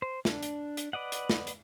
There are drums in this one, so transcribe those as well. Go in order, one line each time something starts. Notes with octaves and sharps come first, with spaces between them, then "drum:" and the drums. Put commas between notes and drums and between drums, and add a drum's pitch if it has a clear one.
C5
D4, drum: snare
drum: hi-hat
drum: hi-hat
B4 D5 D#5 F#5
drum: hi-hat
drum: snare
drum: hi-hat